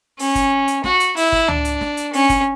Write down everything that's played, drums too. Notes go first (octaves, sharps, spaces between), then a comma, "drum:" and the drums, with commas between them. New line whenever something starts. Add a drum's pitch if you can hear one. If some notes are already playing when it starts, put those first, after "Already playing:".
C#4, drum: open hi-hat
drum: kick, hi-hat
drum: hi-hat
F#4, drum: snare
drum: hi-hat
E4, drum: open hi-hat
drum: kick
D4, drum: tom C#2
drum: hi-hat
drum: snare
drum: hi-hat
C#4, drum: open hi-hat
drum: kick, hi-hat